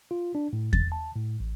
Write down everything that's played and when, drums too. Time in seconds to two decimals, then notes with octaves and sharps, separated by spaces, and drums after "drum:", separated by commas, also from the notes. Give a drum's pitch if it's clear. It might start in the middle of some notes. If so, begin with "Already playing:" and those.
0.11 F4
0.35 D4
0.53 A2
0.73 A6, drum: kick E2
0.92 A5
1.16 A2
1.40 A1